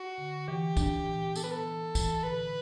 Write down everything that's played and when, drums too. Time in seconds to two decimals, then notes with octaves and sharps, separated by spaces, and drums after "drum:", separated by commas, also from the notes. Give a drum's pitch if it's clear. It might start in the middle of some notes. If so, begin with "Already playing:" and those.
Already playing: F#4
0.18 D3
0.48 E3 G4
0.77 D4, drum: kick, tambourine
1.06 E3
1.35 B3 A4, drum: tambourine
1.43 B4
1.52 A4
1.65 E3
1.95 E3, drum: kick, tambourine
2.24 D3 B4